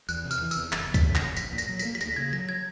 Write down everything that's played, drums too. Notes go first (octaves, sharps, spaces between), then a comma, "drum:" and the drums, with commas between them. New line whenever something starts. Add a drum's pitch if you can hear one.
E2 F#6, drum: tambourine
C3
F6, drum: tambourine
E3
E6, drum: tambourine
E2
F#1 A6, drum: clap
E2
B6, drum: kick, tambourine
C#3
A#6, drum: clap
F#1
A#1 B6, drum: tambourine
A#2
A#6, drum: tambourine
F#3
B6, drum: tambourine
A#3
B6
D2 A#6, drum: tambourine
C#3 G#6
F#3 A#6
G#6